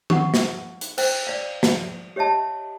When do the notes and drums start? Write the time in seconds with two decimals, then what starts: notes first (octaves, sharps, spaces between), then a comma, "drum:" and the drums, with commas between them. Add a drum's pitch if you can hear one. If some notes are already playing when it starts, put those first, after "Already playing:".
0.10 F#5 C#6, drum: tom D#3
0.34 drum: snare
0.81 drum: hi-hat
0.98 C5 G5, drum: cymbal
1.27 D5 F5
1.63 drum: snare
2.16 G4 C#5 D#5 E5 A5